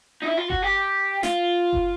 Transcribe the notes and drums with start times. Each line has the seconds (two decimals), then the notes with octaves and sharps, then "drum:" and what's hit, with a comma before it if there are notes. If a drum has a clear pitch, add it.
0.22 D#4
0.25 E4
0.37 F4
0.50 F#4, drum: kick F#1
0.63 G4
1.23 F4, drum: snare
1.73 drum: kick F#1